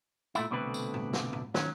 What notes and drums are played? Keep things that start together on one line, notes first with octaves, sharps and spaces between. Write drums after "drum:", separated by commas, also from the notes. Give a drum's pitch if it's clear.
A#2 A3 E4, drum: tambourine
C2 B2 D3 A3 C4 B4
drum: tambourine
drum: tom
drum: snare
drum: tom
D#3 F#3 C#4, drum: snare